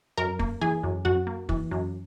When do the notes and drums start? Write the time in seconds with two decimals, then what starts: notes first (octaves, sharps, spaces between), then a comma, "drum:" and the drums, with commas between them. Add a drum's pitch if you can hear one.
0.17 F#2 A#4 A#5
0.39 A#3, drum: kick
0.61 E3 G#4 G#5
0.83 F#2
1.05 F#2 F#4 F#5
1.27 A#3
1.49 E3, drum: kick
1.71 F#2